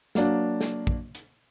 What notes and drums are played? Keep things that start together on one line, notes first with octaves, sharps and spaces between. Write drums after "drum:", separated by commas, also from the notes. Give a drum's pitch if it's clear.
F#3 A#3 D4, drum: snare
drum: snare
drum: kick
drum: hi-hat